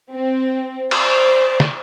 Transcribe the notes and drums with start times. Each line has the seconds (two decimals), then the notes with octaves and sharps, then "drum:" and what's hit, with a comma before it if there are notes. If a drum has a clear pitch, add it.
0.13 C4
0.91 C5 D5, drum: cymbal
1.60 drum: snare